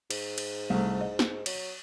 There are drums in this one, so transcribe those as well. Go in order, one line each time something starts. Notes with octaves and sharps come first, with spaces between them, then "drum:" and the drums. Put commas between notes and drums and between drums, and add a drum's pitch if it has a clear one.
G#2, drum: cymbal
drum: cymbal
C2 A3
D#5
drum: snare
F#3, drum: cymbal